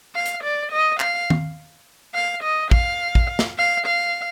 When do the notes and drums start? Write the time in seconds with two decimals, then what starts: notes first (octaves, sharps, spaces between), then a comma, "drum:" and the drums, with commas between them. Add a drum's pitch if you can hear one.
0.15 F5
0.26 drum: hi-hat
0.43 D5
0.72 D#5
1.00 F5, drum: clap
1.30 drum: tom D#3
2.15 F5
2.43 D#5
2.71 F5, drum: kick
3.15 drum: kick
3.39 drum: snare
3.58 F5
3.87 F5